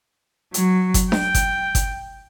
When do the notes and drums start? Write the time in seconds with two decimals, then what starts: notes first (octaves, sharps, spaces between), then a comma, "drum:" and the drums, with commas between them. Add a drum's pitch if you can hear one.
0.54 F#3, drum: hi-hat
0.94 drum: kick G1, hi-hat
1.12 G5, drum: snare D4
1.35 drum: kick G1, hi-hat
1.75 drum: kick G1, hi-hat